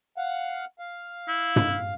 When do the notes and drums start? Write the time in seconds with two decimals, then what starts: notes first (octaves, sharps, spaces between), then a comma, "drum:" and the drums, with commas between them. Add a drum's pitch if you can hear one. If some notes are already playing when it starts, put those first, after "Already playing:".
0.17 F5 F#5
0.79 F5
1.28 E4
1.56 drum: tom